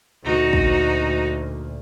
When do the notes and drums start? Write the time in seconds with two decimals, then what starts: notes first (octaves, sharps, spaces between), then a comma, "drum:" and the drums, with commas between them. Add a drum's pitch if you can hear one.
0.24 D2 A#2 D#4 F#4
0.53 drum: kick